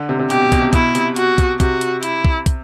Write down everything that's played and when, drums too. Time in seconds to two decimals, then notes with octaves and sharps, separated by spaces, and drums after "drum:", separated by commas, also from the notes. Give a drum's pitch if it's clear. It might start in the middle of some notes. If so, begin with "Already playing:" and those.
Already playing: D3
0.09 C3
0.19 C3
0.30 B2 G4, drum: hi-hat
0.41 B2
0.52 B2, drum: kick, hi-hat
0.62 C3
0.73 B2 E4, drum: kick, hi-hat
0.95 C3, drum: hi-hat
1.16 F#4, drum: hi-hat
1.38 drum: kick, hi-hat
1.60 C3 F#4, drum: kick, hi-hat
1.81 drum: hi-hat
2.03 E4, drum: hi-hat
2.25 drum: kick
2.46 drum: kick, hi-hat